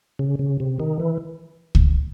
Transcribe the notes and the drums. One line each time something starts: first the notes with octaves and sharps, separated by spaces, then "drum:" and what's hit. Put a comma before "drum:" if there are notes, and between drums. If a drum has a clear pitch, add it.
C#3
C#3
C3
D#3
E3
drum: kick C#2